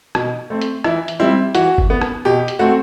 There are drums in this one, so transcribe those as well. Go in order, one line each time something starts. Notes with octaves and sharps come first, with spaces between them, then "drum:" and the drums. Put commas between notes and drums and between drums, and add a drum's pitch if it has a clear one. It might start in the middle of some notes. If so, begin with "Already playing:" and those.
B2, drum: rim click
A3 C4
drum: hi-hat
E3 E4, drum: rim click
drum: hi-hat
G3 C4 E4
E3 F#4, drum: hi-hat
drum: kick F#1
B3
drum: rim click
B2 G4
drum: hi-hat
A3 C4 F#4